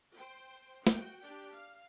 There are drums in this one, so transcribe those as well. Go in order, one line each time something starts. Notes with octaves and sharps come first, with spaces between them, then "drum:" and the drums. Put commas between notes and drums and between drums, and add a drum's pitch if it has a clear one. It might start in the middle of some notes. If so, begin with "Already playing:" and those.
C5 G5
F#4 G5, drum: snare
D4 G4 D5 G5
F5